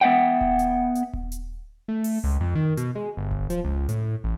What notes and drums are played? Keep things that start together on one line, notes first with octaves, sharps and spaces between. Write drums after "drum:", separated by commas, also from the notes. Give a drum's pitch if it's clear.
B3 E5 F#5 G5
drum: kick D#1
drum: hi-hat
drum: hi-hat
drum: kick D#1
drum: hi-hat
A3
drum: open hi-hat
C#2
F2
D#3
B2, drum: hi-hat
G#3
G1
drum: kick D#1
F3, drum: hi-hat
C#2
A2, drum: hi-hat
A1